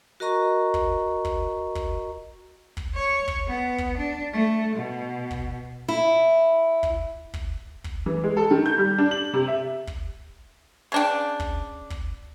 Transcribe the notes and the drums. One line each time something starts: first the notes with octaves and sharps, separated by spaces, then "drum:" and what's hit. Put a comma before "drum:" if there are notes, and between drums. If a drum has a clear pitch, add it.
F#4 A#4 D#5 A#5 C#6
drum: kick
drum: kick
drum: kick
drum: kick
C#5
drum: kick
B3
drum: kick
D4
A3
B2
drum: kick
E4
drum: kick
drum: kick
drum: kick
E3
G#3
A4
D#3
G6
G3
D4
F#7
C3
E5
drum: kick
C#3 D4 G5
drum: kick
drum: kick